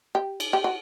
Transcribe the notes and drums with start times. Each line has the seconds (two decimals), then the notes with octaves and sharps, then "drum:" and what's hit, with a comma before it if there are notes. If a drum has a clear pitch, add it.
0.15 G4
0.40 drum: cymbal
0.53 G4
0.64 F#4